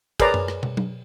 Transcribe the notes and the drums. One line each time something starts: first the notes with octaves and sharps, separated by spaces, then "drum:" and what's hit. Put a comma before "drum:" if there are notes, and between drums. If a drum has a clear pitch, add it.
G#4 A#4 B4 C#5 D5 A#5, drum: kick, cymbal
drum: tom F#2
drum: rim click
drum: tom
drum: tom F#3